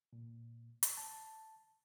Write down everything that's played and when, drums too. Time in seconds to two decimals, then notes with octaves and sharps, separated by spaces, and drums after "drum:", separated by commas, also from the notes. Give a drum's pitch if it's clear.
0.13 A#2
0.83 drum: hi-hat
0.97 A5